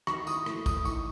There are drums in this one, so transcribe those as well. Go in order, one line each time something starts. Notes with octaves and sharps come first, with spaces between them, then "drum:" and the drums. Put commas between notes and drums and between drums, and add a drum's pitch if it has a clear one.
D#3 C#6, drum: rim click
E4 D#6, drum: tambourine
A3, drum: rim click
E4 D#6, drum: kick, tambourine
D#3 C#6, drum: tambourine